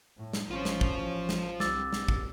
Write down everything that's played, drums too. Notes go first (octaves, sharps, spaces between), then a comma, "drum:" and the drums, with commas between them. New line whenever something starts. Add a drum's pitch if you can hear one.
A2
drum: snare
A1 C#4 F4 C5
drum: snare
drum: kick
drum: snare
C2 G3 D6 E6 A6, drum: snare
drum: snare
drum: kick